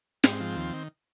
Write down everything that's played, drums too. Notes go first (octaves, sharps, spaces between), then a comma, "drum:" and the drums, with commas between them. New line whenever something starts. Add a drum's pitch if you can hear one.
G#2 C4, drum: snare
F3
D#2
D#3